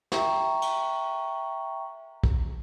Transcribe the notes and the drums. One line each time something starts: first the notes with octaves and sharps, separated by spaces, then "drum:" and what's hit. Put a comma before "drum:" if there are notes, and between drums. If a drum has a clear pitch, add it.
E5 G5 A#5 C#6, drum: snare
drum: cymbal
drum: kick